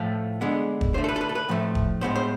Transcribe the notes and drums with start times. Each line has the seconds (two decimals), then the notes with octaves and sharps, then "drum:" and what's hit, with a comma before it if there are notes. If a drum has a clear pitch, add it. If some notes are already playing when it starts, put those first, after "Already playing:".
Already playing: A2 F3 A3 A4
0.41 D3 G#3 B3
0.81 drum: kick
0.94 D3 A3 C5
1.04 A4
1.09 B4
1.16 A4
1.21 B4
1.29 A4
1.35 B4
1.49 A2 F3 A3
1.75 drum: kick
2.01 A2 G#3 B3 C5
2.16 C5